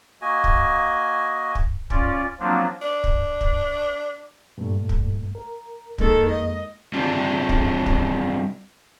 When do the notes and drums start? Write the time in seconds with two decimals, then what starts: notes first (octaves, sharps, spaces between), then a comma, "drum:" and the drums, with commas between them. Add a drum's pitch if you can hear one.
0.22 A#3 F#4 D#5 G#5
0.44 drum: kick
1.55 drum: kick
1.90 C#4 F4 D5, drum: kick
2.40 F3 F#3 A#3 C4 D4 F4
2.82 D4
3.04 drum: kick
3.41 drum: kick
4.58 G2 A#2 A3
4.89 drum: kick
5.35 A#4
5.98 F2 D#3 G#3 A#3 A4, drum: kick
6.31 D#5
6.93 G3 C4 D4 F4 G4
7.49 drum: kick
7.86 drum: kick